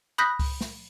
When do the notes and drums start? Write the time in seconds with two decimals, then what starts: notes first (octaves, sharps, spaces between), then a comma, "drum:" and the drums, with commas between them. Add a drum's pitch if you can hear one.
0.18 B5 D#6 F#6 G6 A#6 B6
0.39 drum: kick C#2, open hi-hat
0.61 drum: snare